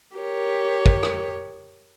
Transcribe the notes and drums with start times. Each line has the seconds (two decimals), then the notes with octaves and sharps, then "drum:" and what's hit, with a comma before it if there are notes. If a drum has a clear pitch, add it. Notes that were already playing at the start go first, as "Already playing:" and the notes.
0.17 G4 A#4 C#5
0.86 drum: kick
1.03 drum: rim click